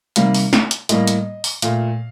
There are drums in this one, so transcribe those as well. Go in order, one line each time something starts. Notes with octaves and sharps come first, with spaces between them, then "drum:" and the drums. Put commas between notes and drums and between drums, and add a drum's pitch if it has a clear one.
C3 D#3 G3 A#3 F5, drum: hi-hat
drum: open hi-hat
drum: snare
drum: hi-hat
A2 G3 A#3 D#5, drum: hi-hat
drum: hi-hat
drum: open hi-hat
A#2 A3 F5, drum: hi-hat